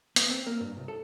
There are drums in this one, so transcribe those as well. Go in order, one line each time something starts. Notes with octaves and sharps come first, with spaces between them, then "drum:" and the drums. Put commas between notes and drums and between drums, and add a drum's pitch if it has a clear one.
B3, drum: hi-hat
C4
A#3
G2
C2
A4